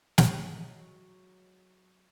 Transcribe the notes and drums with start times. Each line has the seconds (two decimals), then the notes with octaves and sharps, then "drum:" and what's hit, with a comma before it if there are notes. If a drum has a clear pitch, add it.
0.18 F#3 G#3, drum: snare